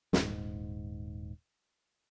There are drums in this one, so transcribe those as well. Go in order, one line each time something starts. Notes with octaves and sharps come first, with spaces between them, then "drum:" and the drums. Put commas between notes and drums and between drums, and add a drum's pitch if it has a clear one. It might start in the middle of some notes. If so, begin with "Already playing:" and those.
D#1 G#2, drum: snare